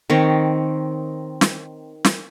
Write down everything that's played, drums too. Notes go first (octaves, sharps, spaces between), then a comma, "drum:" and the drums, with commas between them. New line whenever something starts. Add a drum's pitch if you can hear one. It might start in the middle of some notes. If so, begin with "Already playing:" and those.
D#3 C4 C#5
drum: snare
drum: snare